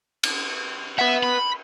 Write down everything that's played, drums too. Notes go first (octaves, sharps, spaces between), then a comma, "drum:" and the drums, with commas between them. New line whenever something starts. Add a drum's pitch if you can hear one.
drum: cymbal
B4 E5 F#5
B5